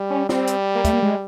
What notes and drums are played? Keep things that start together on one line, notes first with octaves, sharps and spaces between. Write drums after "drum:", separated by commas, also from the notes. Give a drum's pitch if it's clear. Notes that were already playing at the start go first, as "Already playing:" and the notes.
Already playing: G3
C#4
G3 C4, drum: snare
drum: hi-hat
A#3
A3, drum: kick, hi-hat
A#3
G#3